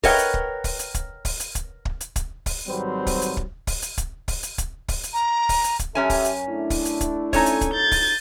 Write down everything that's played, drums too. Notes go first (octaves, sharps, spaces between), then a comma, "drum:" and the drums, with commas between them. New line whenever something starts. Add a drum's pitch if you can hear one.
A#4 B4 C#5 D#5 F#5 G5, drum: kick, open hi-hat
drum: hi-hat
drum: kick
drum: kick, open hi-hat
drum: hi-hat
drum: kick, hi-hat
drum: kick, open hi-hat
drum: hi-hat
drum: kick, hi-hat
drum: kick
drum: hi-hat
drum: kick, hi-hat
drum: kick, open hi-hat
G#1 F#3 G3 C4 B4 C5
drum: kick, open hi-hat
drum: hi-hat
drum: kick
drum: kick, open hi-hat
drum: hi-hat
drum: kick, hi-hat
drum: kick, open hi-hat
drum: hi-hat
drum: kick, hi-hat
drum: kick, open hi-hat
drum: hi-hat
A#5
drum: kick, open hi-hat
drum: hi-hat
drum: kick, hi-hat
F#2 C#4 G4 A4 E5 G#5
drum: kick, open hi-hat
drum: hi-hat
A3 D4 E4
drum: kick, open hi-hat
drum: hi-hat
drum: kick, hi-hat
C#4 D#4 A4 C#5 G#5, drum: kick, open hi-hat
drum: hi-hat
drum: kick, hi-hat
G6 A6
drum: kick, open hi-hat